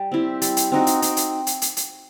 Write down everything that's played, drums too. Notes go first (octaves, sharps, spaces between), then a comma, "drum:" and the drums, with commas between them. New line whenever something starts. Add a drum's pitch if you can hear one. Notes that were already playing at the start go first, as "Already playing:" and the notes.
Already playing: G3
C4 E4 G4
G3, drum: hi-hat
drum: hi-hat
C4 D#4 F#4
drum: hi-hat
C4, drum: hi-hat
drum: hi-hat
drum: hi-hat
drum: hi-hat
drum: hi-hat